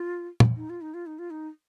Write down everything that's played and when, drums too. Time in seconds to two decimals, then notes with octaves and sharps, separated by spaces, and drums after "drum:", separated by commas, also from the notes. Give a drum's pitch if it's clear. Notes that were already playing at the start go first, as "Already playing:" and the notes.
Already playing: F4
0.40 drum: tom
0.57 D#4
0.70 F4
0.81 D#4
0.94 F4
1.06 D#4
1.19 F4
1.31 D#4